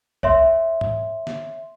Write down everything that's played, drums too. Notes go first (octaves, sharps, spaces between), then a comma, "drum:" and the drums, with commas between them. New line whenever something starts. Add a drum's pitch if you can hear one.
C#5 E5 C6, drum: kick
drum: tom G#2
drum: snare